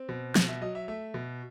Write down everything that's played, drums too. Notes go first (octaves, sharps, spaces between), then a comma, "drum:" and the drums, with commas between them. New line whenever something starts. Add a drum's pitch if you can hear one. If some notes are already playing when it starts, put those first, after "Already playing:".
Already playing: C4
B2
B2, drum: snare
E5
F#3 D#5
E5
A3 E5
B2